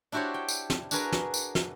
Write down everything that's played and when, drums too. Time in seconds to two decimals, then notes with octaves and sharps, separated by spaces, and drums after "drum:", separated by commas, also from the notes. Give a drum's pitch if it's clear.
0.12 D4 E4 F#4 G4 C5 C#5
0.34 G5
0.48 drum: tambourine
0.70 drum: snare
0.91 D4 F#4 G#4 A#4 B4 A#5, drum: tambourine
1.12 drum: snare
1.34 drum: tambourine
1.55 drum: snare